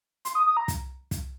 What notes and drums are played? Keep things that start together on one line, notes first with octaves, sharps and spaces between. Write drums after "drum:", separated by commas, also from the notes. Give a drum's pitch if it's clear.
C6, drum: hi-hat
D#6
D#6
A#5
drum: kick, hi-hat
drum: kick, hi-hat